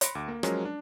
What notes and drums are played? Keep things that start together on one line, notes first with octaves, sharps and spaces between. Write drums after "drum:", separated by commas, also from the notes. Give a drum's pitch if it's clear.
B5 C6 A#6 C#7 D7, drum: hi-hat
D2 D6
A#3
F3 F#3 G#3 C#4 A#4, drum: rim click
D4